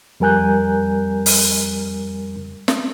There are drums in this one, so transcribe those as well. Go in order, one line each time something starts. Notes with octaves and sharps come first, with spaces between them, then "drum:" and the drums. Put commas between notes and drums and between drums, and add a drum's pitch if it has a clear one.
F2 G3 A#4 G#5 F#6 G6
drum: open hi-hat
drum: snare